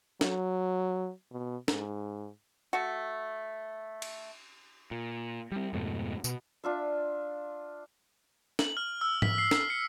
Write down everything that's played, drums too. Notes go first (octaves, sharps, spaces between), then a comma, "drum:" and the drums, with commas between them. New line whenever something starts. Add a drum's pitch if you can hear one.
F#3, drum: snare
B2
G#2, drum: snare
A3 F#4
drum: cymbal
A#2
G3 C4
F2 G#2 B2 A3
B2, drum: tambourine
D4 F4 E5
F#7, drum: snare
F6
E6
B6, drum: tom G#2
C7
C7, drum: snare
C#7